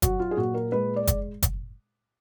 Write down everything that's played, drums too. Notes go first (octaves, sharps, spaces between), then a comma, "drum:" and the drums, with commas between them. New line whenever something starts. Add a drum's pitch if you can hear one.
F#3 F#4, drum: kick F#1, hi-hat
F4
G#4
A#2 F#4
A#4
G#3 B4
D5
drum: kick F#1, hi-hat
drum: kick F#1, hi-hat